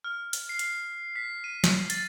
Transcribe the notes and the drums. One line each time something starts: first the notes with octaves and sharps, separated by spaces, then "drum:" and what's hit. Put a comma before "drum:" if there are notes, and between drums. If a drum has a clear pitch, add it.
F6
drum: hi-hat
C7
drum: hi-hat
B6
D#7
drum: snare
A6, drum: hi-hat